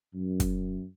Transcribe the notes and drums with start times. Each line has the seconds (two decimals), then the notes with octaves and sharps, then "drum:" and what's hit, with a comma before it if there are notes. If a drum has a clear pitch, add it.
0.14 F#2
0.40 drum: kick, hi-hat